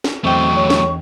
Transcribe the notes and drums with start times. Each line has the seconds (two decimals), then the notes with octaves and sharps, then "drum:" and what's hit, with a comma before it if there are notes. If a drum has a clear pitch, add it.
0.04 drum: snare
0.24 E2 F#3 A3 C4 D#5 G5 C#6
0.57 C#5
0.70 drum: snare